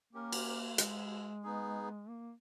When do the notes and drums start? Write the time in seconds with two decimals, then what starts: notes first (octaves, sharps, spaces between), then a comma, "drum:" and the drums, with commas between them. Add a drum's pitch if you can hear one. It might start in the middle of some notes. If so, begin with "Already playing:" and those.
0.13 A#3 C#4 G4 A#4
0.32 drum: cymbal
0.78 G#3, drum: hi-hat
1.43 B3 D#4 G#4
2.09 A#3